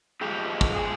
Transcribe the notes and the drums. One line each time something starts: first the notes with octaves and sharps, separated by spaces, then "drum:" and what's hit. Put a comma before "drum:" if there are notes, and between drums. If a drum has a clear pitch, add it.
G#2 F3 G#3 D#4 G4
drum: kick
F3 G#3 G#4